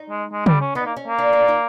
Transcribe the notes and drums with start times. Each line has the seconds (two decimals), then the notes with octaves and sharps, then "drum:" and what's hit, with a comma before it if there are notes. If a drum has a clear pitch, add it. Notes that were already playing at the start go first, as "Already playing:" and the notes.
Already playing: D#4
0.10 G#3
0.32 G#3
0.46 G3, drum: tom
0.61 C#4
0.75 B3 D#4
0.86 A#3
0.97 C#4
1.08 A#3
1.19 D4
1.33 D4
1.48 D#4